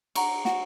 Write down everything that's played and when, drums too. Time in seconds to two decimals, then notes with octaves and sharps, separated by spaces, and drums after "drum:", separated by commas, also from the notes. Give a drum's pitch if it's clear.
0.15 F#4 A#5 C#6, drum: cymbal
0.45 F#4, drum: snare